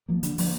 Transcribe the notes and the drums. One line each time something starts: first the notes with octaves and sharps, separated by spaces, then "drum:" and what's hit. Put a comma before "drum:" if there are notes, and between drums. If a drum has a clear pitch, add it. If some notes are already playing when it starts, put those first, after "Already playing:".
F3 A#3
D3, drum: hi-hat
F3 A#3, drum: open hi-hat